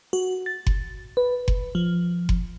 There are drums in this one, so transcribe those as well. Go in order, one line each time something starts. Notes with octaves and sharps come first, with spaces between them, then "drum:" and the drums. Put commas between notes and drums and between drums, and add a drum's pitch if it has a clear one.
F#4
A6
drum: kick F#1
B4
drum: kick F#1
F3
drum: kick F#1